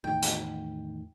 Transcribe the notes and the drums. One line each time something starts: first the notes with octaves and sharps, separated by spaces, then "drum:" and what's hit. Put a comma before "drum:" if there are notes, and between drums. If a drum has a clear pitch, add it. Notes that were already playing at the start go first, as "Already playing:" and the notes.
E2 A2 D#3 G5
drum: hi-hat